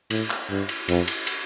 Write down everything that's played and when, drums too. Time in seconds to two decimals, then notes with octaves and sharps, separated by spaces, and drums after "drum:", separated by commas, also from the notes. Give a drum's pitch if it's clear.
0.10 A2, drum: cymbal
0.30 drum: clap
0.50 G2
0.69 drum: cymbal
0.88 F2, drum: cymbal
1.08 drum: cymbal
1.27 drum: cymbal